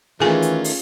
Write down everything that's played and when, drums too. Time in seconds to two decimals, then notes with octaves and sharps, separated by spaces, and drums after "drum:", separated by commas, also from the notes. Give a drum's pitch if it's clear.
0.20 D#3 E3 A3 C#4 F4 G#4 G#5
0.42 drum: hi-hat
0.64 drum: open hi-hat